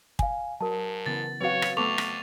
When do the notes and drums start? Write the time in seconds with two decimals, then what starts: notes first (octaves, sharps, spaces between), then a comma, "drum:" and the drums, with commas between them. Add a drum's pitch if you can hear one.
0.19 F5 G#5, drum: kick
0.61 G#2 F#3 A#4 A5
1.06 C#3 E3 B3 A6
1.41 F#3 C4 F#4 B4 C#5 F5
1.62 drum: rim click
1.77 F2 A3 B3 A4 C#6 D6 F7
1.98 drum: rim click